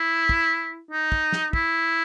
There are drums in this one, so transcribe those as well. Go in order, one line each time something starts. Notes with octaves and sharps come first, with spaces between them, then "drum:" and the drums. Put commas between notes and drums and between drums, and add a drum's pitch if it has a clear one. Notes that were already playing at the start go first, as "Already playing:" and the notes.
Already playing: E4
drum: kick
D#4
drum: kick
drum: snare
E4, drum: kick